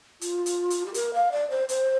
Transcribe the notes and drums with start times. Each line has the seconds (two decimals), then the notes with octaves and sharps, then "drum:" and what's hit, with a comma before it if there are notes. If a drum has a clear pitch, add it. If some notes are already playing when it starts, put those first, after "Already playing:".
0.21 F4, drum: hi-hat
0.46 drum: hi-hat
0.70 drum: hi-hat
0.86 G4
0.94 A#4, drum: hi-hat
1.14 F5
1.32 D5
1.50 C5
1.69 C5, drum: hi-hat